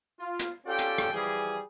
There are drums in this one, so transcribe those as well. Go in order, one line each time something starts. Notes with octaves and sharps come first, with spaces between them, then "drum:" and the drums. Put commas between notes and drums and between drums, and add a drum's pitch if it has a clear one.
F4
drum: hi-hat
C#4 F4 G4 A4 D5 G5
drum: hi-hat
drum: rim click
E3 F3 G3 G#4